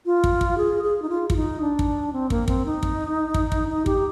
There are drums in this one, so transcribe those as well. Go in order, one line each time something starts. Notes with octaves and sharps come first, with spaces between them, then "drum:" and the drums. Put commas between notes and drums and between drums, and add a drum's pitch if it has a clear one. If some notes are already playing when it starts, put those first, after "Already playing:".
F4
drum: kick
drum: kick
G#4
G#4
D#4
F4
F4, drum: kick
D#4
D4
drum: kick
C4
A#3, drum: kick
C4, drum: kick
D#4
drum: kick
drum: kick
drum: kick
D#4
G4, drum: kick